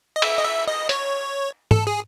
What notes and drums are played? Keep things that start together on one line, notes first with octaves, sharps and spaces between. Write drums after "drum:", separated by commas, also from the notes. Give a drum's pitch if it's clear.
D#5
E5, drum: cymbal
D#5
E5
D#5
C#5, drum: hi-hat
A4, drum: tom
G#4